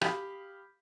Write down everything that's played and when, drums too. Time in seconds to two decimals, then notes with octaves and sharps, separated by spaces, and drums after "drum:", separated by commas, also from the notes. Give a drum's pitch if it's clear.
0.01 G4 F5 B5 D#6, drum: rim click